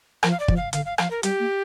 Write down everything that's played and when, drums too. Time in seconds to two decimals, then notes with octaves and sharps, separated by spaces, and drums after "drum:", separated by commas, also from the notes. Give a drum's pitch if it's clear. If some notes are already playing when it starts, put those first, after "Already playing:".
0.23 F3 A#4, drum: rim click
0.31 F5
0.40 D5
0.48 F3, drum: kick
0.57 F5
0.73 D3 F5, drum: hi-hat
0.85 F5
0.98 F3 F5, drum: rim click
1.11 A#4
1.23 G3 G4, drum: hi-hat
1.40 A#3